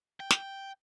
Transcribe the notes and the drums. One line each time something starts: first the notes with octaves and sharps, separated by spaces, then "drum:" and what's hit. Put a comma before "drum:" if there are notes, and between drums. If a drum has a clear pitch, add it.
G5
drum: snare